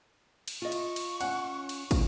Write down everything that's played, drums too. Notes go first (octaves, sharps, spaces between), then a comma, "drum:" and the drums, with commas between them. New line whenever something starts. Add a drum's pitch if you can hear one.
drum: cymbal
F4 D#5 C#6
drum: cymbal
drum: cymbal
C#4 F#5, drum: cymbal
drum: cymbal
F4, drum: kick, cymbal